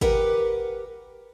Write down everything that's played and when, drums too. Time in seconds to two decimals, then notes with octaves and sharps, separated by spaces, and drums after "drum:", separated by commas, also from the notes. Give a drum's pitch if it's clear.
0.01 G4 A#4 B4 F#5, drum: kick G#1